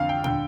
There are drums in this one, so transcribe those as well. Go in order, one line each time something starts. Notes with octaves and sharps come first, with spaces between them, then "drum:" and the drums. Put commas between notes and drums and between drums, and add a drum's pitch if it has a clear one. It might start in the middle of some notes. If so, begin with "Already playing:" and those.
Already playing: F2 D3 F5
G5
D3 G5, drum: tom A#2